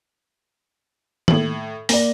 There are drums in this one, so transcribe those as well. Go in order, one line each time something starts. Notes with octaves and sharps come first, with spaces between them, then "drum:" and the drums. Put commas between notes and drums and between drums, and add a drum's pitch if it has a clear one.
A2 F#7, drum: tom D#3
A#3 D5 A#6, drum: open hi-hat